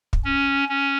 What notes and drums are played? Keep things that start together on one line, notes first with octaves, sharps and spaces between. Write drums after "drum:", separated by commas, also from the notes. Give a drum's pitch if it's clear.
drum: kick
C#4
C#4